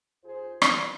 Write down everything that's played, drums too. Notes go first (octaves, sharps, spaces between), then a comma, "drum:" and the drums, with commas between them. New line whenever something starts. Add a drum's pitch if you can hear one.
D#2 F4 G#4 C5
C3 E3 F#3 F4 B4 D5, drum: rim click